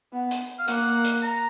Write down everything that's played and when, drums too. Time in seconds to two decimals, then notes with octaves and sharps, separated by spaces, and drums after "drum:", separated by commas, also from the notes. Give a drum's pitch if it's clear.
0.12 B3
0.31 drum: hi-hat
0.59 F5
0.68 A#3 F#5, drum: hi-hat
1.04 drum: hi-hat
1.23 A#5